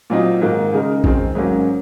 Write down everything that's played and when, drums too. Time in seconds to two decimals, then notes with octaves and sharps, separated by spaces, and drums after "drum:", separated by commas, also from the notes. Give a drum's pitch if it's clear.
0.10 A#2 F#3 C4 D#4
0.41 G#2 D#3 A#3
0.72 C#3 G#3 D#4 A#4
1.04 D#3 G#3 C4, drum: kick A1
1.35 G#2 F#3 A#3 C#4